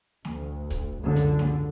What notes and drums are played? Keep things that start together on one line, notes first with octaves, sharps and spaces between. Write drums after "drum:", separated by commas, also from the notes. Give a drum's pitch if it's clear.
D2, drum: snare
drum: kick, hi-hat
C#2 F#2 D3
drum: hi-hat
drum: snare